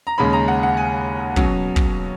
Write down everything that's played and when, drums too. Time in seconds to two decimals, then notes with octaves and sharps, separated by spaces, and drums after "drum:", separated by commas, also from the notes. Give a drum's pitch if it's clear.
0.07 A#5
0.18 D#2 C#3 G#3 C#4 B5
0.33 A#5
0.48 F#5
0.63 F#5
0.77 G#5
1.36 B2 F#3 C#4, drum: kick
1.76 drum: kick